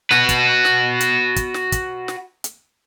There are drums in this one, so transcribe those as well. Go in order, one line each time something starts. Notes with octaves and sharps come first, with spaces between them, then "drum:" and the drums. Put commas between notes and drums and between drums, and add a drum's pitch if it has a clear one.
F#4 B4, drum: snare
drum: kick, hi-hat
drum: snare
drum: hi-hat
drum: kick, hi-hat
drum: snare
drum: kick, hi-hat
drum: snare
drum: hi-hat